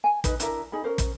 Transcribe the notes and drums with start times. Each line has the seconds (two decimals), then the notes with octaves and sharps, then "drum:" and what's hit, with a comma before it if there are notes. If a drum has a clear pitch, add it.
0.04 G#5
0.24 D#4 B4, drum: kick, hi-hat
0.40 D4 E4 A#4 E5, drum: hi-hat
0.72 D#4 G#4 B5
0.84 C#4 A#4 C5
0.98 drum: kick, hi-hat